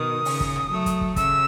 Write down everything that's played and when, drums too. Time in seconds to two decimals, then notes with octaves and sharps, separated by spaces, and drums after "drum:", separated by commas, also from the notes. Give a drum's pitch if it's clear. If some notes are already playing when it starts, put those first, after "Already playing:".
Already playing: B2 D#3 D#6
0.25 C#3, drum: open hi-hat
0.40 drum: kick
0.56 drum: snare
0.71 F#3 A3
0.86 drum: kick, hi-hat
1.01 drum: kick
1.16 C#3 E6, drum: kick, hi-hat